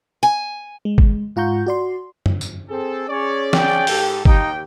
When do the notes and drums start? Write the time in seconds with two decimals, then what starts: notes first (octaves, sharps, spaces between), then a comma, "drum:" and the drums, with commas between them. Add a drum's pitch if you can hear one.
0.23 G#5
0.85 G#3
0.98 drum: kick
1.36 G#2 F4 F#5 A#5 C#6 G6
1.66 F#4 D5 C6
2.26 drum: tom
2.41 drum: tambourine
2.69 C4 G#4 A4
3.09 C#4 G#4 C#5 D5
3.53 G5, drum: snare
3.87 G#2 G4 A4, drum: open hi-hat
4.25 D#2 D#4 G4 G5, drum: kick